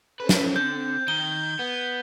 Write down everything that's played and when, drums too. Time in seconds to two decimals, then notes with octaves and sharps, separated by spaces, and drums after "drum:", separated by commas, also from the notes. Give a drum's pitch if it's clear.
0.20 C#4 A4 B4 C5
0.29 drum: snare
0.56 D3 C4 G6
1.08 D#3 G6 G#6 G7
1.59 B3